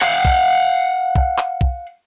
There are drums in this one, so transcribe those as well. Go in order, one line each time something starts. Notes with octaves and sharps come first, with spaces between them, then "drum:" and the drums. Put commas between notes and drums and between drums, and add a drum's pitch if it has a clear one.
F5 F#5, drum: clap
drum: kick
drum: kick
drum: clap
drum: kick